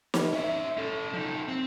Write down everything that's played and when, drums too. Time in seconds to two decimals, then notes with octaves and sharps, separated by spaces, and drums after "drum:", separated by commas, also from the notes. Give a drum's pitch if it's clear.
0.14 drum: snare
0.33 C#4 E5
0.77 C#4 A4
1.13 F3 D#4
1.48 C4